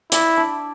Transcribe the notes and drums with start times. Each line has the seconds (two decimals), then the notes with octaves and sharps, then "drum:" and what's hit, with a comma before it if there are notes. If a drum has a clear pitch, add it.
0.12 E4 D5, drum: hi-hat
0.37 D4